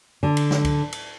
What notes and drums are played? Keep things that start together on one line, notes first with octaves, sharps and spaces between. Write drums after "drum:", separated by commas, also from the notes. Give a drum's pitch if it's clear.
D3
drum: cymbal
drum: snare
drum: kick C#2, cymbal
drum: cymbal